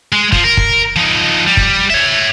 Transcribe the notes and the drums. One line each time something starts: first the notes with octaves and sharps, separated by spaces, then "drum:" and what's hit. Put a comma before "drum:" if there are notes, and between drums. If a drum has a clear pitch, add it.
G#3
F3, drum: kick
A#4
drum: kick
F3 D#4
G3
drum: kick
C#5 E5